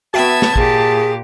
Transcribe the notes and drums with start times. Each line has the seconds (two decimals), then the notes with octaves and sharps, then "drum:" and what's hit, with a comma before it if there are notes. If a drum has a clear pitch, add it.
0.14 B3 F#4 E5 G5 A5 E6 G#6
0.42 drum: snare
0.56 A#2 G4 G#4, drum: kick